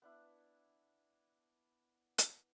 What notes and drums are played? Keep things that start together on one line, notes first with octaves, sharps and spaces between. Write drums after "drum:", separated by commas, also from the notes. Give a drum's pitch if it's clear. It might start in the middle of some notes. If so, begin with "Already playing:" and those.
B3 D4 E4
drum: hi-hat